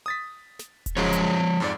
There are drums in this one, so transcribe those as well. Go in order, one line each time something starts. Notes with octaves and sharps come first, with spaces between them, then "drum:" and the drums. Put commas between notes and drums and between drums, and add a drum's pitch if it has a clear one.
D#6 A6 B6
drum: snare
drum: kick D#1, hi-hat
F#2 C#3 F3 G#3 C#5
drum: hi-hat
drum: tom B3
F2 G#2 D5